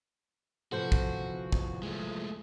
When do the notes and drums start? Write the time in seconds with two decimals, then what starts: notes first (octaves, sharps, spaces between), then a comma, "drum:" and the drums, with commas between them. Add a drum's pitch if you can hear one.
0.72 C3 E3 F3 F#4 A4 C5 G6
0.92 drum: kick
1.52 drum: kick
1.83 G#3 A3